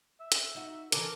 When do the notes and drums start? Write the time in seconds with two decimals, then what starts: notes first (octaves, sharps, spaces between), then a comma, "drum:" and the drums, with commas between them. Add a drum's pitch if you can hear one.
0.20 E5
0.32 drum: hi-hat
0.55 D#4 F#4
0.92 D3 E3 A4 A#4 D6, drum: hi-hat